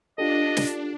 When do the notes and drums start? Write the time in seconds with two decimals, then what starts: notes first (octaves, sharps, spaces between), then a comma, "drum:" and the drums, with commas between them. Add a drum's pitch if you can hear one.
0.18 D4 F4 G4 A4 D#5
0.57 drum: snare